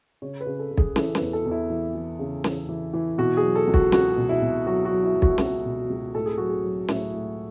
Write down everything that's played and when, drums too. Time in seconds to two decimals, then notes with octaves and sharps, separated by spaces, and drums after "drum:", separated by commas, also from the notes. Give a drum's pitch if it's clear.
0.22 C#3 C#5
0.41 B4
0.46 C#3
0.59 A4
0.71 C#3
0.77 G#4, drum: kick
0.96 E3 A4, drum: snare
1.15 B4, drum: snare
1.21 E2
1.33 A4
1.45 E2
1.51 E4
1.70 E3
1.95 E3
2.19 C#3
2.44 E3, drum: snare
2.69 E3
2.94 E3
3.18 B2 F#4
3.37 G#4
3.43 F#3
3.56 A4
3.67 C#2
3.74 F#4, drum: kick
3.92 C#2 F#4, drum: snare
4.17 B2
4.29 E4
4.42 B2
4.67 F#3 F#4
4.85 F#4
4.91 F#3
5.04 E4
5.16 F#3
5.22 F#4, drum: kick
5.30 E4
5.38 C#2 F#4, drum: snare
5.65 B2
5.90 C#2
6.14 A2 A4
6.26 G#4
6.38 F#3 F#4
6.49 G#4
6.64 F#3
6.88 A2 E4, drum: snare
7.13 A2